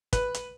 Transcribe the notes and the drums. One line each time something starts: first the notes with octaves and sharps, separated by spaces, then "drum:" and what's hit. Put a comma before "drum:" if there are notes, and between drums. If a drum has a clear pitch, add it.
B4, drum: kick, hi-hat
drum: hi-hat